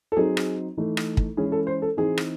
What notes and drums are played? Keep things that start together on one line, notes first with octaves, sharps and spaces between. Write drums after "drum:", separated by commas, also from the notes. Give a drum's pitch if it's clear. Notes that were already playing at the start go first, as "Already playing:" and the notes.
A4
F#3 C4 D#4 G#4
drum: rim click
E3 A3 D#4
drum: rim click
drum: kick
E3 G#3 C#4 E4 G#4
A4
C5
A4
E3 C4 D#4 G#4
drum: rim click